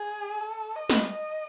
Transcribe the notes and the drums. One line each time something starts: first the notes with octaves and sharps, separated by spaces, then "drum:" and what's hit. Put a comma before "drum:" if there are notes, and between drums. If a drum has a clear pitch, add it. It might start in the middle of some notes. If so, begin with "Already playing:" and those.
Already playing: G#4
A4
D#5
drum: snare
D#5